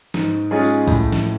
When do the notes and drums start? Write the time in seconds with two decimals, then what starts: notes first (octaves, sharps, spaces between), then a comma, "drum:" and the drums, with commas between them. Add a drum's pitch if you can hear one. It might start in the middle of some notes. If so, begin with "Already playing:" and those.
0.14 G#2, drum: snare
0.51 G#3 C#4 F4 G#4
0.63 drum: tambourine
0.87 A2, drum: kick, tambourine
1.12 drum: snare